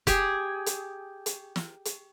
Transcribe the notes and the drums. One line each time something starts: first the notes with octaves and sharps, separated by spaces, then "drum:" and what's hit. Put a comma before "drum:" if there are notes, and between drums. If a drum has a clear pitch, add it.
G4 G#4, drum: kick F1, hi-hat
drum: hi-hat
drum: hi-hat
drum: snare
drum: hi-hat